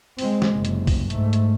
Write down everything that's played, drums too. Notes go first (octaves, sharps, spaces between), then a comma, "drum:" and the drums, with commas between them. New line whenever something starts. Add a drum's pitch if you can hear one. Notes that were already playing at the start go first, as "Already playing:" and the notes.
G#3 C4, drum: open hi-hat
drum: snare
F#1 C3
drum: hi-hat
drum: kick B1, open hi-hat
G#2 A3, drum: hi-hat
drum: hi-hat